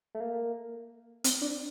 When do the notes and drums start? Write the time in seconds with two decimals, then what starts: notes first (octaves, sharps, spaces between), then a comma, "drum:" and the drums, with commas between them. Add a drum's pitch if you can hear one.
0.15 A3
0.20 A#3
1.24 C4, drum: hi-hat
1.41 D4